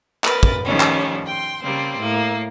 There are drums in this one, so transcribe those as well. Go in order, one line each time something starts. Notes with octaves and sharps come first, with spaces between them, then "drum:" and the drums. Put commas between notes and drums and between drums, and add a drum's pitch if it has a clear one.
A#4 B4 A6, drum: clap
drum: kick
D#3 F3 G3 A3 C#4
drum: clap
G5 C6
C#3 G3 A#3 C4
A2 A#3